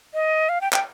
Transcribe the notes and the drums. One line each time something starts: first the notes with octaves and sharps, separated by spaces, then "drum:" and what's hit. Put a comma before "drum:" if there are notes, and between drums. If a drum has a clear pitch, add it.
D#5
F5
G5
G5, drum: clap